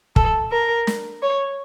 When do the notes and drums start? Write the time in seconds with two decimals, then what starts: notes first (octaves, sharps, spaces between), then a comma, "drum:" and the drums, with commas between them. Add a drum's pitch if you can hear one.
0.16 A4, drum: kick
0.52 A#4
0.87 drum: snare
1.22 C#5